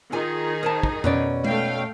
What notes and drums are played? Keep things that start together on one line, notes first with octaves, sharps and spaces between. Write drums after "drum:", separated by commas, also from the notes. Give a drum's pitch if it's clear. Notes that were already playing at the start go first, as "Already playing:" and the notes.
D#3 D#4 F4 G#4 G#5
A#4 C5 A5
drum: kick
B2 C#4 D5, drum: tom F2
A3 F5 G5, drum: tom G#3